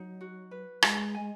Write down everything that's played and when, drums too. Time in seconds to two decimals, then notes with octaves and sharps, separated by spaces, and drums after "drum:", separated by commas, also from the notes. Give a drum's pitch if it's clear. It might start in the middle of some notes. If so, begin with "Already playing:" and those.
Already playing: F#3 D#4
0.21 F#4
0.51 B4
0.82 G#3 D#5, drum: rim click
1.15 G#5
1.20 G#3